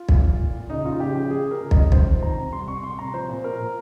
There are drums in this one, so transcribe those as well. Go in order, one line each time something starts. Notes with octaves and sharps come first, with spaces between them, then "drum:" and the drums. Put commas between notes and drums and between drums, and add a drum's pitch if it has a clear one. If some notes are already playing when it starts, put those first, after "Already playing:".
Already playing: F4
A#2, drum: kick
A#2
A#2
A#2
C#3 D#4
F3 F4
C#3 G4
F3 G4
F3 G#4
F3
A#4
C#3
D#5, drum: kick
F3
D#3 C5, drum: kick
C3
C3 A#5
C3
G3 C6
C3 C#6
C3 C6
C3 A#5
F3 C5
A#2
A#2 A#4
A#2